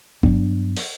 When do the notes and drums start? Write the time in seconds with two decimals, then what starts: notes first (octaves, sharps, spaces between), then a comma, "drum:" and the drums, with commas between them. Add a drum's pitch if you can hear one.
0.23 G2 F#3 B3 D4, drum: kick G1
0.77 drum: open hi-hat